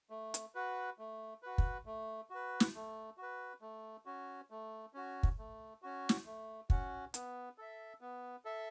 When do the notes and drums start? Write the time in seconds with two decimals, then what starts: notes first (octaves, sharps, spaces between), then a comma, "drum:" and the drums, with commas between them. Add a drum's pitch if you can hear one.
0.10 A3
0.34 drum: hi-hat
0.55 F#4 B4
0.99 A3
1.43 F#4 B4
1.58 drum: kick
1.86 A3
2.30 F#4 B4
2.60 drum: snare
2.75 A3
3.17 F#4 B4
3.61 A3
4.05 C#4 F#4
4.51 A3
4.94 C#4 F#4
5.23 drum: kick
5.38 A3
5.82 C#4 F#4
6.09 drum: snare
6.25 A3
6.70 C#4 F#4, drum: kick
7.14 B3, drum: hi-hat
7.58 A4 E5
8.01 B3
8.45 A4 E5